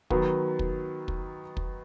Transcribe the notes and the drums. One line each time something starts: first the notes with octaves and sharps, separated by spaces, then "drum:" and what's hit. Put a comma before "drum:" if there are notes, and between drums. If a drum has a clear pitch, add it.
D#3 F#3 B3, drum: kick
drum: kick
drum: kick
drum: kick